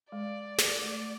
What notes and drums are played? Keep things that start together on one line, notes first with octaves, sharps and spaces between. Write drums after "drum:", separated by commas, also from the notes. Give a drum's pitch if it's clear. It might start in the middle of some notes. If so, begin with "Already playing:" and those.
G#3 D5
drum: snare
A3